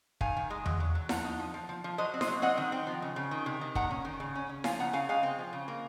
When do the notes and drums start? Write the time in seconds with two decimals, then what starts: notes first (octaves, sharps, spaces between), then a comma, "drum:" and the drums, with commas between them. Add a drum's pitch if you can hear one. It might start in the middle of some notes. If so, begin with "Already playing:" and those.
0.21 D#3 F5 G#5, drum: kick
0.37 D#3
0.50 G#3
0.66 F#3, drum: tom E2
0.80 F#3
0.95 F#3
1.09 F3 F#5 A#5, drum: snare E4
1.25 D#4
1.39 F3
1.54 F3
1.69 F3
1.84 F3
1.98 F#3 C5 D#5
2.14 C4
2.21 C5 D#5, drum: snare E4
2.27 F#3
2.42 C4 D#5 F#5
2.57 D#3
2.72 C4
2.87 F3
3.02 C#3
3.16 C#3
3.31 D#3
3.46 C3
3.61 D#3
3.75 A#3 F#5 A#5, drum: kick
3.91 C#4
4.05 D#3
4.20 C#3
4.35 C#4
4.49 C#4
4.64 F3 F5 G#5, drum: snare E4
4.79 C#3 F#5 A#5
4.93 C#3 F5 G#5
5.09 G#3 F5 G#5
5.23 C4
5.39 F3
5.53 C#3
5.68 A#3